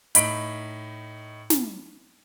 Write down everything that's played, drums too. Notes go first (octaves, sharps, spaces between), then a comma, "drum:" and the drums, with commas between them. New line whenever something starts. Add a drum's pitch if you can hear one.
A2 D#4 B5 B6 D7, drum: hi-hat
drum: snare